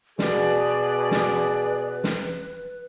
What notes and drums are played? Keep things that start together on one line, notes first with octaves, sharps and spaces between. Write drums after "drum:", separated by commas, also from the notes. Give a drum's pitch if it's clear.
B2 G#4 B4 D5, drum: snare
drum: snare
drum: snare